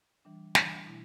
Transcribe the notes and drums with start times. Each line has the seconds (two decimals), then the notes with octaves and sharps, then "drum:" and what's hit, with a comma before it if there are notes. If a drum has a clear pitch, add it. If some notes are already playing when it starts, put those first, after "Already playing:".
0.25 E3 G3 D4
0.55 E3 G3 D4, drum: snare
0.85 B2 A3 E4